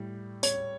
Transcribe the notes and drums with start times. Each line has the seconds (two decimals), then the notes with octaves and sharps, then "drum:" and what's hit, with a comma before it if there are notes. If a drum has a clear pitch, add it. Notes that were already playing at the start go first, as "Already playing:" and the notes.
Already playing: A2 G3
0.43 C#5, drum: hi-hat